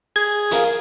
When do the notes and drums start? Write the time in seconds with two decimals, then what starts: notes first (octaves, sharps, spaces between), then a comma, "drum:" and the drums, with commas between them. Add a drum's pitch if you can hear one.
0.16 G#4 G#6
0.51 F4 A#4 F5, drum: hi-hat